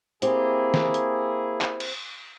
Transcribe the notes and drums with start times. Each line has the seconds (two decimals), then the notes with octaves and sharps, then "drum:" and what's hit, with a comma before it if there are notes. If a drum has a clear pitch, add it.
0.22 A#3 C4 E4 G4 G#4, drum: hi-hat
0.74 drum: snare
0.94 drum: hi-hat
1.61 drum: clap
1.80 drum: cymbal